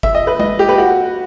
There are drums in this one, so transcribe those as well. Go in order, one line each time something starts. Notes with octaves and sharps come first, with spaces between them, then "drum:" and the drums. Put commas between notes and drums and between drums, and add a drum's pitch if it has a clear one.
E5, drum: kick G1
D#5
B4
D#5, drum: tom G#3
G4
B4
F#4